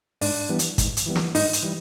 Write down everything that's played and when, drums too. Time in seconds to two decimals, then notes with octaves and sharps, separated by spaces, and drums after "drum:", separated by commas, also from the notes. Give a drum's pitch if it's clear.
0.21 G#2 D4, drum: open hi-hat
0.49 E3 G3 B3
0.59 drum: hi-hat
0.78 G#2, drum: kick, hi-hat
0.97 drum: hi-hat
1.06 E3 G3 B3
1.15 drum: snare
1.35 G#2 D#4, drum: open hi-hat
1.53 drum: hi-hat
1.62 E3 G3